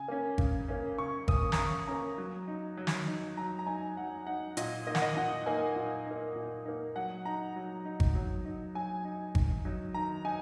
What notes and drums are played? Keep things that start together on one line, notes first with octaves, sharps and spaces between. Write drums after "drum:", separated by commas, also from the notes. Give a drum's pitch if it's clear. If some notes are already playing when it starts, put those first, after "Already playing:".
Already playing: C#3 G#5
A#3 C#4
C#3, drum: kick G#1
A#3 C#4
C#3 C#6
A#3 C#4 D#6, drum: kick G#1
A#5, drum: snare
C#3 C#6
A#3 C#4 A#5
F#3
D#4
F#3
drum: snare
D#4
F#3 A#5
A#5
D#4 G#5
F#3 F#5
D#4 F#5
A#2 D#5, drum: hi-hat
A#3 D#4 D#5
F#5, drum: snare
D#5
A#2 F#5
A#3 D#4 G#5
A#2
A#3 D#4
A#2
A#3 D#4
F#3 F#5
D#4 A#5
F#3
D#4
drum: kick G#1
F#3
D#4
F#3 G#5
D#4
D#3, drum: kick G#1
F#3 D#4
D#3 A#5
D#4 G#5